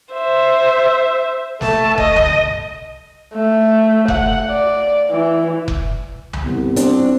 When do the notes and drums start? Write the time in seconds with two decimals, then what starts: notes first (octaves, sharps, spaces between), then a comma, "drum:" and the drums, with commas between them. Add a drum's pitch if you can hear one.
0.13 C5 E5
1.61 A3 A5, drum: snare
1.98 D#5, drum: kick F1
2.16 drum: tom C2
3.33 A3
4.08 F#5, drum: kick F1
4.50 D5
5.10 E3
5.68 drum: kick F1
6.33 drum: tom C2
6.44 C2 B3
6.76 C4 D4, drum: hi-hat